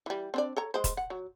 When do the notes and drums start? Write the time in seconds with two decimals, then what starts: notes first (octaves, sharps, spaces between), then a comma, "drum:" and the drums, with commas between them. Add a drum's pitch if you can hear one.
0.06 E3 G3
0.34 C4 D4 D5
0.57 A4 C#5 A#5
0.74 G#3 C5
0.84 drum: kick, hi-hat
0.97 F#5
1.10 F#3